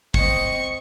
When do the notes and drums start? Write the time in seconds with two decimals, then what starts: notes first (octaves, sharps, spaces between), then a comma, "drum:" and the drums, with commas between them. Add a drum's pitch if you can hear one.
0.14 C4 D#5 C#6, drum: kick